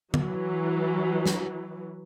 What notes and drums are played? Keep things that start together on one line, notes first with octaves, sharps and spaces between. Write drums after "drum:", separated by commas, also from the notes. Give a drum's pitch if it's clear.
E3 F#3, drum: tom
drum: snare